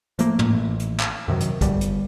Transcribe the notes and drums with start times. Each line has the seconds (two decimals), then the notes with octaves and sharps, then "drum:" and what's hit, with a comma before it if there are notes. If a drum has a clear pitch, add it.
0.19 F3 A3 A#3, drum: hi-hat
0.39 drum: tom
0.53 A1
0.79 drum: hi-hat
1.00 drum: clap
1.28 F#2 C3 D#3 F#3
1.40 drum: hi-hat
1.61 G1 G3, drum: kick, hi-hat
1.81 drum: hi-hat